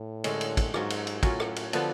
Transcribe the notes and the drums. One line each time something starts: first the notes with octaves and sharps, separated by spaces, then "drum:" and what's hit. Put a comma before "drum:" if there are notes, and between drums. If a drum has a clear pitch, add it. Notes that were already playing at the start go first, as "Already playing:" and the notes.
Already playing: A2
D3 G#3 C#4, drum: cymbal
drum: cymbal
drum: kick, cymbal
G#2 F#3 C#4 F4, drum: rim click
drum: cymbal
drum: cymbal
A2 F#3 C#4 F4, drum: kick, cymbal
drum: rim click
drum: cymbal
D3 F3 B3 D4, drum: cymbal